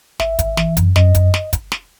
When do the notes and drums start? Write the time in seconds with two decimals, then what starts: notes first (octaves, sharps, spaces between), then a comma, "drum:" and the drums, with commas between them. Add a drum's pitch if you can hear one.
0.20 G#1 E5, drum: snare
0.39 G#1, drum: kick, hi-hat
0.57 E3, drum: snare
0.77 F#2, drum: kick, hi-hat
0.96 F#2 D#5, drum: snare
1.15 F#2, drum: kick, hi-hat
1.34 drum: snare
1.53 drum: kick, hi-hat
1.72 drum: snare